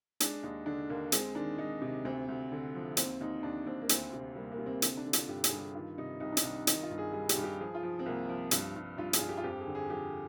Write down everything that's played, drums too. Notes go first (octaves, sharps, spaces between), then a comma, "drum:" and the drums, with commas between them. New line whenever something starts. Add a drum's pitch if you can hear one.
G#3 D4, drum: hi-hat
D#2 D#4
D3 D4
D#2 A#3
G#3 C4, drum: hi-hat
D#3 D4
G#3 D#4
C3
D2 C4
D2
D3
F3
D#2 C4, drum: hi-hat
D#2 D#4
D#2 D4
D#2 C4
A#3
D2 C4, drum: hi-hat
C3 C4
G3 A#3
A#3
C3
C4
D3 C4, drum: hi-hat
D4
D3
F4, drum: hi-hat
G2 G4
G#4, drum: hi-hat
G2
G#4
D#3 F4
C3 D#4
C2 D#4
D4
D#4, drum: hi-hat
C2
D#3 D#4, drum: hi-hat
F4
G2
G#4
G3 G#4
G4, drum: hi-hat
G2
G4
F3 G#4
F4
F3
C4
C2 A#3
F3
G2, drum: hi-hat
G2
G2 F4
G#4, drum: hi-hat
G2
G4
F4
F2 G4
G#4
D3
G#4
F3 G4